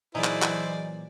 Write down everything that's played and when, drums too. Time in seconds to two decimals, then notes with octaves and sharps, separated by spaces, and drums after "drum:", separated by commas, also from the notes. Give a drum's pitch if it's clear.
0.15 A#2 E3 F#3 D#4 E4 G#4 C5 D5
0.24 drum: clap
0.42 drum: clap